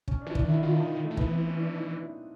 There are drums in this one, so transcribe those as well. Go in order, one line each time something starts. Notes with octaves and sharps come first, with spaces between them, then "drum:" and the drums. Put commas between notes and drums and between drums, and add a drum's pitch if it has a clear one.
C#4, drum: kick
D4
E3
D4, drum: kick
D#3 E4
D#3 F4
D#4
A3
D#3
E3 B3, drum: kick
C4
C#4
D4
D#4
E4